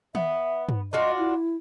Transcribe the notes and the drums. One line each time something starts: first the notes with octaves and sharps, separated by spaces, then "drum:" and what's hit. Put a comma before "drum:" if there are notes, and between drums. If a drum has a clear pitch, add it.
B3 E5, drum: tom D#3
drum: tom G2
D4 F4 F#4 D#5
E4